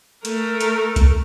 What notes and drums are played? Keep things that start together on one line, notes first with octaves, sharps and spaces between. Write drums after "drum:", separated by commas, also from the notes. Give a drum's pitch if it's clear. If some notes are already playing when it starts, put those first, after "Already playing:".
A3 A#4, drum: hi-hat
drum: hi-hat
drum: kick C2, hi-hat